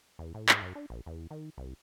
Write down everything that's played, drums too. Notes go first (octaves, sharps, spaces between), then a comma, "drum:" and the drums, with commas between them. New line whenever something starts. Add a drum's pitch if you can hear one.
E2
A2
G#2, drum: clap
F#2
D4
A#1
E2
D#3
C2